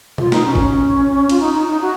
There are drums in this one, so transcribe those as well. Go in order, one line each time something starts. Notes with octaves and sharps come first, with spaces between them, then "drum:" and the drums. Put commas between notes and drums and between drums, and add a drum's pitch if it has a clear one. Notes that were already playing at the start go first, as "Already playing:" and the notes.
F4, drum: tom B2
D#4, drum: snare
C#4
drum: kick G#1
F4, drum: cymbal
D#4
D#4
D#4
F#4